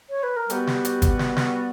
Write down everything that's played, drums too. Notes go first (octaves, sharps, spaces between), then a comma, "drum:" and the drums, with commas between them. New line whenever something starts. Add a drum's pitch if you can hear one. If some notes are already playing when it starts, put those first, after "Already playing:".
C#5
B4
A#4
G3 B3 F#4 G4, drum: hi-hat
drum: snare
drum: hi-hat
drum: kick, hi-hat
drum: snare
drum: snare